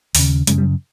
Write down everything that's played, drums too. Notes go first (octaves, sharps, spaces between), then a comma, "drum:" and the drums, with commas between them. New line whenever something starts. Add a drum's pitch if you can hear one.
D#2 C#3, drum: open hi-hat
F#2 C#3 G#3, drum: hi-hat
G3